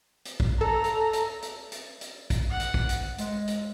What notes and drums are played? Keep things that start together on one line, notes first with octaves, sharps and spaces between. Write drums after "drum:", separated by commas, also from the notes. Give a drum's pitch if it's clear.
drum: hi-hat
drum: kick
A4 A#5
drum: hi-hat
drum: hi-hat
drum: hi-hat
drum: hi-hat
drum: hi-hat
drum: kick, hi-hat
F#5
drum: hi-hat
drum: kick
drum: hi-hat
G#3, drum: hi-hat
drum: hi-hat